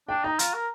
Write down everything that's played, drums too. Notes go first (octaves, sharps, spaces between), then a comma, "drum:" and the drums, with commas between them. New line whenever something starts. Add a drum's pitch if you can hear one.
D4 G5
D#4 A#5
F4, drum: hi-hat
A#4